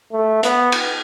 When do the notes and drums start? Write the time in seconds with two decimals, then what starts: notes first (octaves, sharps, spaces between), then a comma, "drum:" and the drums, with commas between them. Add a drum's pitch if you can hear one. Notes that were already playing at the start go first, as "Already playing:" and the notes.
0.12 A3
0.43 B3, drum: hi-hat
0.72 drum: cymbal